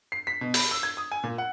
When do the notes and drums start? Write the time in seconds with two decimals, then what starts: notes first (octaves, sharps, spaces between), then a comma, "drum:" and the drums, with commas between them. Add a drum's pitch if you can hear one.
0.12 C7
0.27 B6
0.41 B2
0.54 B5, drum: open hi-hat
0.71 E6
0.83 G#6
0.97 D#6
1.12 G#5
1.24 A#2
1.38 F#5